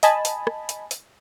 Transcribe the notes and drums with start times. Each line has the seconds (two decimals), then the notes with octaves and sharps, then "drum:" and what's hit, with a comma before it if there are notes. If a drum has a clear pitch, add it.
0.03 D#5 G#5 A5 B5, drum: hi-hat
0.25 drum: hi-hat
0.47 drum: rim click
0.69 drum: hi-hat
0.91 drum: hi-hat